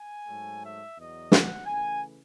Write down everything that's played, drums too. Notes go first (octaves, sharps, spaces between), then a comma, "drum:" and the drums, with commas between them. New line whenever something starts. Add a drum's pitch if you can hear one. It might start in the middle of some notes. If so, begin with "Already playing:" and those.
Already playing: G#5
G#2 F#3 A3
E5
E2 B2 F#3 D#5
F#5, drum: snare
C#3 E3 A3 G#5